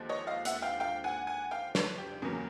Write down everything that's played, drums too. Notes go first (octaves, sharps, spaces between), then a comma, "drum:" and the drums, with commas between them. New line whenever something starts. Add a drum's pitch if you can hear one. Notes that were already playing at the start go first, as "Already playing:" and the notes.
Already playing: D#2 D3 F3 G#3
C#5 D#5
D#5 F5
E5 F#5, drum: hi-hat
F5 G5
F5 G5
F#5 G#5
F#5 G#5
F5 G5
B4 C#5, drum: snare
G4
E2 C#3 F#3 A#3 C#4